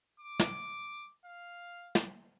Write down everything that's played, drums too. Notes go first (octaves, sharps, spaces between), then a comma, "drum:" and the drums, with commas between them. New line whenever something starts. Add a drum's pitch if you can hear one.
D6
drum: snare
F5
drum: snare